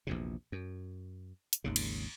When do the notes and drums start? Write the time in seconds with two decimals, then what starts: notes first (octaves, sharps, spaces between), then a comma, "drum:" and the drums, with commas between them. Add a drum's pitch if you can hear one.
0.07 A#1 E2 C3
0.52 F#2
1.53 drum: hi-hat
1.64 G#1 D#2 C#3
1.76 drum: cymbal